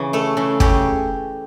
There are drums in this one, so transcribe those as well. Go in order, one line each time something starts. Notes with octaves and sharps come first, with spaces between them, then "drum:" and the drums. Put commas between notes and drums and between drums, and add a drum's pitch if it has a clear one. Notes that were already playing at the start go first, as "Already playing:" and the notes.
Already playing: C#3 E3
A3 A4
C#3
C#3 G4, drum: kick